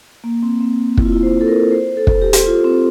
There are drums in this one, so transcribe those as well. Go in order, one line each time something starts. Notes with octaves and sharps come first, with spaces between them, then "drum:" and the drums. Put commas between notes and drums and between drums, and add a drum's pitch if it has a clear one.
A#3
C4
C4
E4, drum: kick
F4
E4
C5
A4
A#4
C5
A4
drum: kick
G4
drum: hi-hat
F4
C4